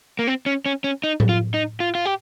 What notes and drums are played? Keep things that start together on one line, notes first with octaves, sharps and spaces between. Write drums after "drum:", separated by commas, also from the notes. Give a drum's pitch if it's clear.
A#3
C4
C#4
C#4
C#4
D#4
drum: tom A2
F4
D#4
F4
F4
G4